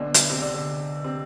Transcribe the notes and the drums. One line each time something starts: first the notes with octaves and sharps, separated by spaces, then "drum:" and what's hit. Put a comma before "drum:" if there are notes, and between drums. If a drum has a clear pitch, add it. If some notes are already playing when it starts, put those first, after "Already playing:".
Already playing: B1 B2 D3 D4
drum: hi-hat
C3 C4
D3 D4
D3 D4
C3 C4